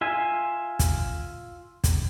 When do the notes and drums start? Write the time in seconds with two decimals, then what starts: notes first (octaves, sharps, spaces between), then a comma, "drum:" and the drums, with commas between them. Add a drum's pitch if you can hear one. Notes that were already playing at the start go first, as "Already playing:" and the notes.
0.01 F4 E5 G#5
0.79 drum: kick, hi-hat
1.84 drum: kick, hi-hat